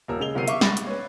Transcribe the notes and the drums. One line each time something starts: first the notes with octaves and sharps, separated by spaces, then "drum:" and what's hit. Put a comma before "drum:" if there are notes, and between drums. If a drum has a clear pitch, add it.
D#1 A#4 E6
C#3 G#3 F7 G7
G1 C3 F#3 A#4 C7 D#7
E5 F5 C#6 D6, drum: hi-hat
B5 A6 A#6, drum: snare
drum: hi-hat
B4 C#5